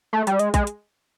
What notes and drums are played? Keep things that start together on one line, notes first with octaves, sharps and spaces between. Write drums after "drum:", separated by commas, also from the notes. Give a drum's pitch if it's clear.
A3
G3, drum: hi-hat
G#3, drum: hi-hat
G#3, drum: kick, hi-hat
drum: hi-hat